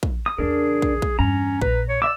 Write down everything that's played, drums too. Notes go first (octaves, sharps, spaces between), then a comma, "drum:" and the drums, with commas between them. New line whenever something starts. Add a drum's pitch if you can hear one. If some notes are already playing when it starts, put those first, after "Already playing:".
drum: kick
D#6
E2 C#3 D4 G#4 A#4
drum: kick
drum: kick
E2 G2 C#4 A#5
A#1 B4, drum: kick
C#5
D5 E5 D6 E6